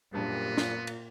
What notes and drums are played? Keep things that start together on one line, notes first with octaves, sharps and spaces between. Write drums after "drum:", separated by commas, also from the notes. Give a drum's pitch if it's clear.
F#1 G2 A#2 B3 G4 A5
F4, drum: snare
drum: cymbal